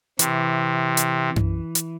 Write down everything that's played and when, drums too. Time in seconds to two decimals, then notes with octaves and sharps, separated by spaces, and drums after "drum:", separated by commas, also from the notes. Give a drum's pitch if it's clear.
0.19 C3 E3, drum: hi-hat
0.97 drum: hi-hat
1.36 drum: tom F#2
1.75 drum: hi-hat